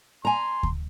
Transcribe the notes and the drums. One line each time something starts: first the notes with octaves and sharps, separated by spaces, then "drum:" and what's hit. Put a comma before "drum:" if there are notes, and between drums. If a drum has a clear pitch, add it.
G#5 A#5 C6
drum: kick D2